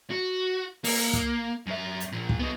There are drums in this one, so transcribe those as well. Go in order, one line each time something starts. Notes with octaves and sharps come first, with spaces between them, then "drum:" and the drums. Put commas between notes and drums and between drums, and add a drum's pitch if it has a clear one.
F#4
A#3, drum: open hi-hat
drum: kick
F#2 E5
drum: hi-hat
A#2 F3
drum: kick
B3 D#4